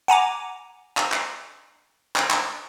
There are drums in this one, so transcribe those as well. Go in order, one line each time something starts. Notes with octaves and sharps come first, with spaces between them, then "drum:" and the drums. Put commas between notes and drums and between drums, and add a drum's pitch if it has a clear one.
F#5 G#5 A#5 D6
drum: clap
drum: clap
drum: clap
drum: clap